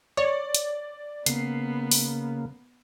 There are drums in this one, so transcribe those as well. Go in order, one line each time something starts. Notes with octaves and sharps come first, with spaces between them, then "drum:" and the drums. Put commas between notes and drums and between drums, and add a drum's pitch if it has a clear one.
C#5 D5
drum: hi-hat
C#3 A#3 B3 C7, drum: hi-hat
drum: open hi-hat